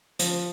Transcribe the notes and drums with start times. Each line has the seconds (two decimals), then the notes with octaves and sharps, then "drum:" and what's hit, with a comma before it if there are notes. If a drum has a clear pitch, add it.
0.19 F3, drum: hi-hat